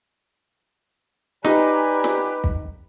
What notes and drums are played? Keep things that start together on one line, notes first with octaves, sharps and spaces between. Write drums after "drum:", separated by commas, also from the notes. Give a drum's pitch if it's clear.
D#4 G4 B4 D5 G#5 A#5, drum: snare
drum: snare
drum: kick